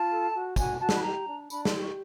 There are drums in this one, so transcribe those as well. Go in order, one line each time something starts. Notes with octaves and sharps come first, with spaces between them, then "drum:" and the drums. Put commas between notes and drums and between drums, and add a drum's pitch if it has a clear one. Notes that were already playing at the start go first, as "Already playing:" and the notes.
Already playing: F4 A5
A4
F#4
F#4 G#5, drum: kick, tambourine
F#4 A5
C6, drum: snare
B5
G4 A#5
D4
D4 B5, drum: tambourine
C6, drum: snare
G4
C#6